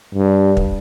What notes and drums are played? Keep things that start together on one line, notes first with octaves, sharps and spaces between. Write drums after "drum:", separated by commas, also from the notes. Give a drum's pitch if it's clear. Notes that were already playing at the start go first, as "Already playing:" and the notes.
G2
drum: kick